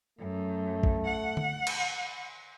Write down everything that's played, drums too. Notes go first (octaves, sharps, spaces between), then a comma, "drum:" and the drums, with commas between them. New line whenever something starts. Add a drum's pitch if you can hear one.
F#2 A3
drum: kick
F#5
drum: tom D3
drum: cymbal